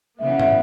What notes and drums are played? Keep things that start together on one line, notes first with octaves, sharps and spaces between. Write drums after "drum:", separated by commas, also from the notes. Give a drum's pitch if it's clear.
C#3 E3 B3 E5
F#5
E5, drum: tom